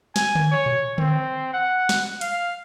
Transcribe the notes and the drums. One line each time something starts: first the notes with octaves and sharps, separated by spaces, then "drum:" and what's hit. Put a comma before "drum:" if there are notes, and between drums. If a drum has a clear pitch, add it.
G#5, drum: snare
drum: tom D3
C#5
drum: tom A#2
C4, drum: tom D3
F#5
drum: snare
F5, drum: hi-hat